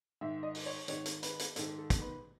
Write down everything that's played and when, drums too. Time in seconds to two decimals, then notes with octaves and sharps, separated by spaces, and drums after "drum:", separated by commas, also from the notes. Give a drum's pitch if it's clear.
0.21 G#2 D#3 E5
0.43 D#5
0.55 drum: open hi-hat
0.66 C#5
0.88 G#2 D#3 C#5, drum: hi-hat
1.05 drum: hi-hat
1.23 B4, drum: hi-hat
1.39 drum: hi-hat
1.56 G#2 D#3 A4, drum: hi-hat
1.78 A4
1.90 drum: kick, hi-hat
2.02 B4